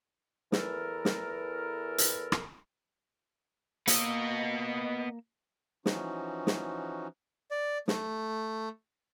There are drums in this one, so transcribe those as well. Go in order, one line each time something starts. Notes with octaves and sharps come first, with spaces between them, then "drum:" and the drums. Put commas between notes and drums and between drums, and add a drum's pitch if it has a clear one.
E2 E3 A4 A#4, drum: snare
drum: snare
drum: hi-hat
drum: rim click
A#3 B3 D#5 E6, drum: hi-hat
E3 F3 C#4 D#4 F#4, drum: snare
drum: snare
D5
A3, drum: snare